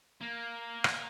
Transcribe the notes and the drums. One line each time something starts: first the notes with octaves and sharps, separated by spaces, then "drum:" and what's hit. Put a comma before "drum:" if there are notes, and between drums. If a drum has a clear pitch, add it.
A#3
drum: rim click